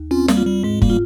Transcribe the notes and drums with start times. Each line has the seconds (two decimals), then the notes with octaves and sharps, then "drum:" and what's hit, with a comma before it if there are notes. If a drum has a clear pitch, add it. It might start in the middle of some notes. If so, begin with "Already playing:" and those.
Already playing: D#2
0.11 C4 C#4 F4
0.28 G3 A#3, drum: snare
0.37 F4
0.47 G3
0.64 G#2 G#3
0.82 G3 A#3, drum: kick
0.90 F4